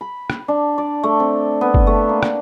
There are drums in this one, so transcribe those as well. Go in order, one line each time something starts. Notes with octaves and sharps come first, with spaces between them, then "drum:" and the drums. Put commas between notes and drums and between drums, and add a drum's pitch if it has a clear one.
B5
drum: rim click
D4
D5
A3
C4
B3
drum: kick F#1
A3
A#3
drum: rim click